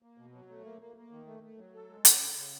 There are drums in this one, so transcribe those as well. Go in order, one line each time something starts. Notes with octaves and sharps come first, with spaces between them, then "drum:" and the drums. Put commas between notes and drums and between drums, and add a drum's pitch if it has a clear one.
A#3
B2
F#3
A3
A#3
A#3
A#3
D#3
A3
A3
F#3
A4
G#3
C#4, drum: hi-hat
C#3
C#3